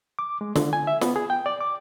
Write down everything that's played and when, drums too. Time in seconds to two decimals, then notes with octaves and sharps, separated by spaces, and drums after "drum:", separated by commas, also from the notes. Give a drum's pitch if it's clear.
0.19 D6
0.41 G#3
0.56 D3, drum: snare
0.73 G#5
0.87 E5
1.01 B3, drum: snare
1.16 G#4
1.30 G5
1.46 D5
1.61 D6